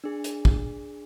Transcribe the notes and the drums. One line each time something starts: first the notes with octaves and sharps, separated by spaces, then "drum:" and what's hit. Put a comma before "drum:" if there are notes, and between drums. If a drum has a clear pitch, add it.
D4 G#4
drum: hi-hat
drum: kick